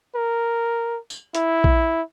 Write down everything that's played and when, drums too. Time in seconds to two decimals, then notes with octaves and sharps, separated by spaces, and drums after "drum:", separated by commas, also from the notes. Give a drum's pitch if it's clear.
0.15 A#4
1.10 drum: tambourine
1.35 E4, drum: hi-hat
1.64 drum: kick A#1